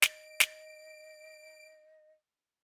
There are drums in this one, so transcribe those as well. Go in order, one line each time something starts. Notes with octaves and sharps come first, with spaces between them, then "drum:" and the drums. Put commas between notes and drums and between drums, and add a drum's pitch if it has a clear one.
D#5 D7, drum: snare
drum: snare